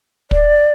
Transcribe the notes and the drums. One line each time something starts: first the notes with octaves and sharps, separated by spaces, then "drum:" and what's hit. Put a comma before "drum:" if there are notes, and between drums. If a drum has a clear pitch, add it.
D5, drum: kick